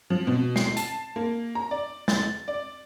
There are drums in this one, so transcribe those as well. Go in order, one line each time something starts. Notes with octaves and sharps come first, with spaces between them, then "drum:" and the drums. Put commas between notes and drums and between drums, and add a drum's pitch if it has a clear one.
F3
B2
C7, drum: snare
A5, drum: hi-hat
A#3
A#5
D5
A6, drum: snare
D5